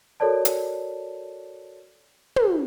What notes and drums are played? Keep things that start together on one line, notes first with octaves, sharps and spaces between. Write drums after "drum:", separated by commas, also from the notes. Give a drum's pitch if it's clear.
F#4 A4 A#4 C#5 D5 A5
drum: hi-hat
drum: tom